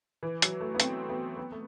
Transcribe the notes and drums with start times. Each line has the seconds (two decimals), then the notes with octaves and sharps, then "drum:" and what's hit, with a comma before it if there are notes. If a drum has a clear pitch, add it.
0.23 E3
0.42 F#3, drum: hi-hat
0.60 A3
0.74 B3
0.80 C4, drum: hi-hat
1.10 B3
1.37 B3
1.52 A3